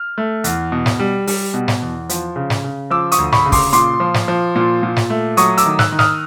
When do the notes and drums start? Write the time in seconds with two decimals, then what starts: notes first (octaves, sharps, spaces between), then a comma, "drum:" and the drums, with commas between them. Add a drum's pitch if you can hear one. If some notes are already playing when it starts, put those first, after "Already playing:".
Already playing: F6
0.18 A3
0.44 E2, drum: hi-hat
0.72 B2
0.86 drum: snare
0.99 G3
1.27 G3, drum: open hi-hat
1.54 B2
1.68 drum: snare
1.82 E2
2.09 F3, drum: hi-hat
2.36 C#3
2.50 drum: snare
2.64 C#3
2.91 F3 D6 E6
3.12 C#6 D#6, drum: hi-hat
3.18 D2
3.32 B5 C#6, drum: snare
3.46 C#3
3.52 C6 D6, drum: kick, open hi-hat
3.73 A#2 C6 D6, drum: hi-hat
4.00 F3
4.14 drum: snare
4.28 F3
4.56 A#2
4.83 A#2
4.96 drum: snare
5.10 A3
5.37 F#3 C#6 D#6, drum: hi-hat
5.57 D6 E6, drum: hi-hat
5.66 D#3
5.79 E6 F#6, drum: snare
5.92 D#3
5.99 D#6 F6, drum: snare